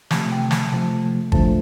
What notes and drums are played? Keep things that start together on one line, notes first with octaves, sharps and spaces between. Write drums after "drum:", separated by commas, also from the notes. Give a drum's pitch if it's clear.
C3 F3 A3 A5, drum: snare
G5
A5, drum: snare
C3 F3 A3
D3 F3 A3 A5, drum: kick